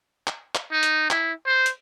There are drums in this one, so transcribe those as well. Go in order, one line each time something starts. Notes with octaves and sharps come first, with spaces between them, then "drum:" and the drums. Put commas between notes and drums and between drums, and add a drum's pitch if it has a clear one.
drum: clap
drum: clap
D#4
drum: hi-hat
E4, drum: clap
C5
drum: hi-hat